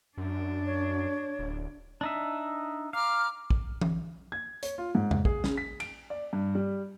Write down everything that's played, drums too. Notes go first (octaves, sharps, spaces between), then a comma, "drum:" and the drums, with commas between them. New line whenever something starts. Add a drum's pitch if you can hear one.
F#2 D4
C#5
D1
D4 D#4 E5
F5 A#5 D6 F6
drum: kick
drum: tom E3
G#6
C#5, drum: hi-hat
F4
G#2
drum: tom E2
G#4, drum: kick
C#3, drum: snare
B6
D7, drum: cymbal
D5
G2
G3